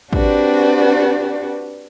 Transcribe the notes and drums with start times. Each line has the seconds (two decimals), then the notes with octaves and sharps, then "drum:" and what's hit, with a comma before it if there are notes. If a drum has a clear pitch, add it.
0.13 C4 D4 F#4 G4 B4 D5, drum: kick